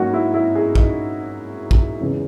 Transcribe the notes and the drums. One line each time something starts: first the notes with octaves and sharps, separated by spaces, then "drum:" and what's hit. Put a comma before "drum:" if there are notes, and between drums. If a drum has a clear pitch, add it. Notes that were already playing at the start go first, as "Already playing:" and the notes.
Already playing: G#2 F#3 A#3 C#4 D#4 F#4
E4
E4
G#4
D#4, drum: kick
drum: kick
E2 C#3 G#3 C#4